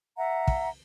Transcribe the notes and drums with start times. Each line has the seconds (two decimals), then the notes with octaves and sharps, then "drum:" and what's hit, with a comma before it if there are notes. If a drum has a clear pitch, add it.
0.17 E5 F#5 A#5
0.48 drum: kick